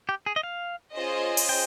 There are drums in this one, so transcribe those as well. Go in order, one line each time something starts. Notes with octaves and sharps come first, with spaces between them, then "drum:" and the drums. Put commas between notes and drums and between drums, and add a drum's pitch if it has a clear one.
G4
G#4
D#5
F5
C#4 F4 G#4 C5 D#5
drum: open hi-hat
G5